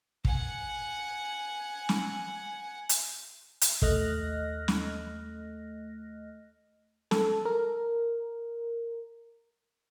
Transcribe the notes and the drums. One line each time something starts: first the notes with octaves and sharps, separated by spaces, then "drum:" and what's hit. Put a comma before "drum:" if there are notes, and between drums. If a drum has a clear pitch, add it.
F#5 G#5, drum: kick
drum: snare
drum: hi-hat
drum: hi-hat
D#2 A3 D#5 F6 F#6 A#6, drum: kick
drum: snare
A4, drum: snare
A#4